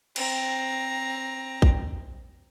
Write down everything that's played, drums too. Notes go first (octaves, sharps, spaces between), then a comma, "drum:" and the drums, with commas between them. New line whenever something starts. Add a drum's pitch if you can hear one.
C4 A#5, drum: cymbal
drum: kick